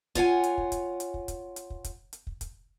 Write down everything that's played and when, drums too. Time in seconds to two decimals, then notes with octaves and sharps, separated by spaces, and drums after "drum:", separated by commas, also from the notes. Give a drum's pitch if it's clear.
0.15 F4 C#5 F#5 G#5, drum: kick, hi-hat
0.44 drum: hi-hat
0.58 drum: kick
0.72 drum: kick, hi-hat
1.00 drum: hi-hat
1.14 drum: kick
1.28 drum: kick, hi-hat
1.56 drum: hi-hat
1.70 drum: kick
1.84 drum: kick, hi-hat
2.13 drum: hi-hat
2.27 drum: kick
2.41 drum: kick, hi-hat